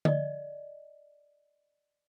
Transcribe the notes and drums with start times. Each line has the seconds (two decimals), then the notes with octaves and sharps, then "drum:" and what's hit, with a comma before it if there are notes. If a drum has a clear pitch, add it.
0.05 D5 D#5, drum: tom D3